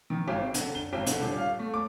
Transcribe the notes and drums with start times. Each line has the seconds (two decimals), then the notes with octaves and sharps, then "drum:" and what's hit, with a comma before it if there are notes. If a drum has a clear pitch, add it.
0.10 D#3
0.28 G#1
0.40 C4
0.54 D3, drum: hi-hat
0.75 G7
0.93 G#1
1.06 D3, drum: hi-hat
1.21 D#1
1.37 F5
1.59 A3
1.74 D6